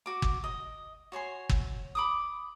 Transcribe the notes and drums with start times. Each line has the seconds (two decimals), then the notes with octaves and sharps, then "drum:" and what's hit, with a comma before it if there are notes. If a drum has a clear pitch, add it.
0.06 F#4 D6
0.22 drum: kick
0.44 D#5
1.12 F#4 C#5 G#5 C6
1.50 drum: kick
1.95 B5 D6 D#6